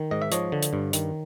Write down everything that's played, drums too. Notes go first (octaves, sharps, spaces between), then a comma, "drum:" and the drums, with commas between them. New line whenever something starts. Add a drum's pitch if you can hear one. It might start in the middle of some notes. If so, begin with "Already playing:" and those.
Already playing: D#3
G#2 D#5
E5
F3 C#5 D#5, drum: hi-hat
D3
drum: hi-hat
G2
D#3, drum: hi-hat